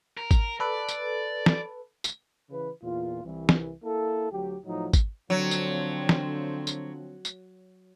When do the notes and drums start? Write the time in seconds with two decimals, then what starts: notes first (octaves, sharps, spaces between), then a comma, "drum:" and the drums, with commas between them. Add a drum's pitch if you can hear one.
0.17 A#4
0.31 drum: kick G#1, tambourine
0.60 A4 B4 D5
0.89 drum: tambourine
1.46 drum: snare
2.04 drum: tambourine
2.50 C#3 E3 B4
2.83 E2 A#2 F4
3.23 C2 E3
3.49 drum: snare
3.83 A#3 E4 A4
4.31 D2 F#3 G4
4.65 A2 F3 F#3 D#4
4.93 drum: kick G#1, tambourine
5.30 D3 F3 F#3 C4
5.51 drum: tambourine
6.09 drum: snare
6.67 drum: tambourine
7.25 drum: tambourine